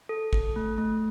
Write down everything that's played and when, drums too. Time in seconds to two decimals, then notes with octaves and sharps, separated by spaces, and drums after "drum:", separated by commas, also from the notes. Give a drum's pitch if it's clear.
0.09 A4
0.33 A4, drum: kick
0.56 A3
0.78 A3